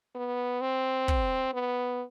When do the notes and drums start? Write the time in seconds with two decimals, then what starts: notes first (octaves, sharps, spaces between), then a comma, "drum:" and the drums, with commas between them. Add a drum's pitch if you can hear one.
0.15 B3
0.61 C4
1.08 drum: kick
1.54 B3